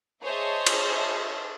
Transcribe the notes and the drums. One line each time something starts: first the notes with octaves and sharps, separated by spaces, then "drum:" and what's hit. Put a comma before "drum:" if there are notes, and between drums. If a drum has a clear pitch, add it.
G#4 C5 C#5 D#5 E5 A5
drum: cymbal